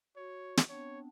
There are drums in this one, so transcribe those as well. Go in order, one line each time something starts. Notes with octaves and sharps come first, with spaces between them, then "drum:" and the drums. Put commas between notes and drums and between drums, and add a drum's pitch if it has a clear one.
F#4 C#5
drum: snare
B3 C4 D4 C#5